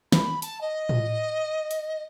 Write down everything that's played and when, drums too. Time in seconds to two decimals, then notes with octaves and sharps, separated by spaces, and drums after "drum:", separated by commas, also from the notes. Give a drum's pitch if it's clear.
0.12 B5, drum: snare
0.42 A5, drum: hi-hat
0.61 D#5
0.89 drum: tom A2
1.71 drum: hi-hat